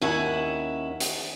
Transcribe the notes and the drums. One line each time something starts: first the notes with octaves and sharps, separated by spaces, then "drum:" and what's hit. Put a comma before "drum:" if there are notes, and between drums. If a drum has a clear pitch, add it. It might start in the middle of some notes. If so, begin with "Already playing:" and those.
D#2 C#4 E4 F#5
drum: hi-hat